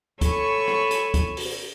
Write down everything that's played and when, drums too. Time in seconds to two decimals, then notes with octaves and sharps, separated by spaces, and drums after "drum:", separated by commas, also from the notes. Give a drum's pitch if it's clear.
0.21 A4 C#5 G#5 B5 C#6 E6, drum: kick, hi-hat
0.68 drum: rim click
0.91 drum: hi-hat
1.14 drum: kick, hi-hat
1.37 drum: open hi-hat